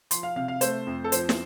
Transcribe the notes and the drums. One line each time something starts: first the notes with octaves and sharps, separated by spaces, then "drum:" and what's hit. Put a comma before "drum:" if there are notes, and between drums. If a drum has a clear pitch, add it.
F3 C6, drum: hi-hat
F5
C3 F5
F5
A3 C5, drum: hi-hat
F2
A4
F3 C5, drum: hi-hat
drum: snare